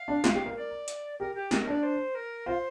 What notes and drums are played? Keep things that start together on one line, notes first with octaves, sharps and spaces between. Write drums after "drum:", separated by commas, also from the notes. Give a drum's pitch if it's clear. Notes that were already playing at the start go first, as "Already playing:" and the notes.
Already playing: F5
D4
F4, drum: snare
G4
A#4
D5
drum: hi-hat
G4 A#4
G4
G4 A#4, drum: snare
D4 D5
C5
A#4
F4 C5